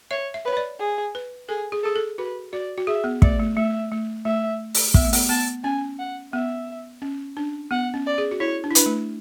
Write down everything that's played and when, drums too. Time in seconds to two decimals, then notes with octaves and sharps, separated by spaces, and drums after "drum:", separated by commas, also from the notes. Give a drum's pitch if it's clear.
0.11 C#5 E5
0.34 E5
0.45 B4 C#5
0.57 D5
0.79 G#4
1.15 B4
1.49 G#4 A4
1.72 G#4
1.83 G#4 A4
1.96 A4
2.18 F#4 B4
2.53 F#4 D5
2.78 F#4
2.87 G#4 E5
3.04 B3
3.22 A3 D5, drum: kick
3.40 A3
3.56 A3 E5
3.92 A3
4.25 A3 E5
4.75 drum: open hi-hat
4.94 B3 E5, drum: kick
5.04 A3
5.13 B3, drum: open hi-hat
5.29 B3 A5
5.63 C#4 G#5
5.98 F#5
6.33 B3 E5
7.02 C#4
7.37 D4
7.71 B3 F#5
7.94 C#4
8.06 D5
8.18 G#4
8.31 F#4
8.40 E4 C#5
8.64 D4
8.71 E4
8.75 D4 B4, drum: hi-hat
8.86 A3